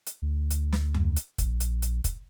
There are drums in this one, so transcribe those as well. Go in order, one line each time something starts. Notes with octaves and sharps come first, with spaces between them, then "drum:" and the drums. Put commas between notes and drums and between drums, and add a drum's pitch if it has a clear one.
drum: hi-hat
D2
drum: hi-hat
drum: snare
drum: tom F2
drum: hi-hat
A#1, drum: kick, hi-hat
drum: hi-hat
drum: hi-hat
drum: kick, hi-hat